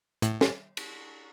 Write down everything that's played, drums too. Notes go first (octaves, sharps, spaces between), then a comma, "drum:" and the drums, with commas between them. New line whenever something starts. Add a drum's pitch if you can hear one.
A2, drum: hi-hat
drum: snare
drum: cymbal